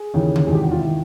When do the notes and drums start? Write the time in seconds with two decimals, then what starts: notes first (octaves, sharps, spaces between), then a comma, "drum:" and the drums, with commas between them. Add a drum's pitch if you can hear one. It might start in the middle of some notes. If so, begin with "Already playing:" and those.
Already playing: G#4
0.14 D#2 C#3 E3
0.36 drum: tom C#3
0.47 E1 E2 C3 D#3 G#4
0.54 G4
0.63 F#4
0.71 F4
0.80 D#3 E4